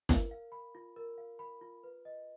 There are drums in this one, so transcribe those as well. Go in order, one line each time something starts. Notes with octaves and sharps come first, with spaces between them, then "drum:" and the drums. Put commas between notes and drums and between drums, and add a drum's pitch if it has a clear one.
A#4, drum: snare
F5
B5
F4
A#4
F5
B5
F4
B4
D#5